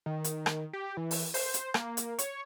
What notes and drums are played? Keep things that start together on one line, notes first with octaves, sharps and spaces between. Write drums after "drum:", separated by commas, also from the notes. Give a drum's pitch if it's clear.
D#3
drum: hi-hat
drum: rim click
G4
E3
drum: open hi-hat
C5, drum: open hi-hat
drum: hi-hat
A#3, drum: rim click
drum: hi-hat
C#5, drum: hi-hat